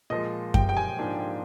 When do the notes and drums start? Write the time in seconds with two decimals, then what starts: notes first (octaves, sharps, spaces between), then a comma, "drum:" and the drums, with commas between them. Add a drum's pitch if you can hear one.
0.10 A#2 F3 G#3 D#5
0.54 G5, drum: kick F#2
0.69 G5
0.77 G#5
0.98 G#2 F3 A#3 D4 F4